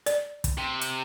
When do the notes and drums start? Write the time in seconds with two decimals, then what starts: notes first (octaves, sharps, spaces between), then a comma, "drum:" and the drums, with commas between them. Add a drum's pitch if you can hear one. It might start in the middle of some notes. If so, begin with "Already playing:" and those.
0.06 D5, drum: hi-hat
0.44 drum: kick, hi-hat
0.58 C3
0.81 drum: hi-hat